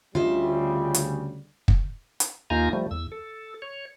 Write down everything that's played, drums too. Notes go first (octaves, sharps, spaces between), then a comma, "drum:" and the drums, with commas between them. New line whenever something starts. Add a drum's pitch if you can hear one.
D2 C#3 G3 F4 D#5 E5
drum: hi-hat
drum: kick
drum: hi-hat
D#2 A#3 D#4 F4 G#5 A#5
F3 G3 A3
E2 E6
A4
C#5